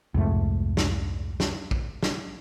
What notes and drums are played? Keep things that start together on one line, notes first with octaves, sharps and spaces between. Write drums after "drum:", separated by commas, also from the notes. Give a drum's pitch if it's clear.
C2 F2 G#2 A3
drum: snare
drum: snare
drum: kick A#1
drum: snare